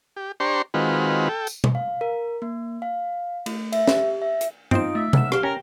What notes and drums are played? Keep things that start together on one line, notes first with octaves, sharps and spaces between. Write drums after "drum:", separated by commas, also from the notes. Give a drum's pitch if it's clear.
G4
D4 G4 C5 A#5 C6 C#6
D#3 G#3 C4 F4 F#4 B4
A4 G5
drum: tambourine
drum: tom
F5
A#4
A#3
F5
A3, drum: cymbal
E5, drum: cymbal
G4, drum: snare
E5
drum: hi-hat
C4 D#4 F4 C5 D#6 D7, drum: tom
A3 E5
B1 F#5 F6 E7, drum: tom
G4 F5, drum: rim click
C#4 A#4 G5